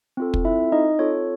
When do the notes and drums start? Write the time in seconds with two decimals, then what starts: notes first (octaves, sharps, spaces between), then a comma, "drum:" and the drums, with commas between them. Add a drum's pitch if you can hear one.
0.17 C4 F4 A4
0.34 drum: kick
0.45 E4 E5
0.72 D#4 D#5
0.99 C4 F4 A4 C#5